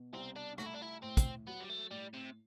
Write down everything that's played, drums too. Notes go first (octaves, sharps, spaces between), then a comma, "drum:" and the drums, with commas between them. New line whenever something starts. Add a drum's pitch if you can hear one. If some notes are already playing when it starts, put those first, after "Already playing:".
Already playing: B2
C2 C4
D4
A3 F#4, drum: rim click
E4
D4
E4
A2 C4
drum: kick, hi-hat
F#3 B3
G3
A3
A2 G3
C3